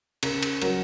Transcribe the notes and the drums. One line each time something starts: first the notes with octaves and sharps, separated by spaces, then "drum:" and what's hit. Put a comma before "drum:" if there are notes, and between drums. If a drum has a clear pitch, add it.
C#3 A#4, drum: cymbal
drum: cymbal
F#3 A#4, drum: cymbal